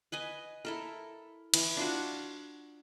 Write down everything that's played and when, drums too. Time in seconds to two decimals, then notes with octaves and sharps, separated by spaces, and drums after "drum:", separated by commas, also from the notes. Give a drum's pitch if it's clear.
0.12 B4 D#5 G#5
0.65 E4 A4 A#4
1.54 E3, drum: cymbal
1.77 D4 F4 F#4